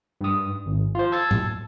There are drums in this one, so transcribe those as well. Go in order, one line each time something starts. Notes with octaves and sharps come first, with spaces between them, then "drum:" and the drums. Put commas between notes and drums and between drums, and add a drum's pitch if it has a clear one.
G2 D#6
G#1
F4 C5
A5 E6 G#6 A6
drum: tom A2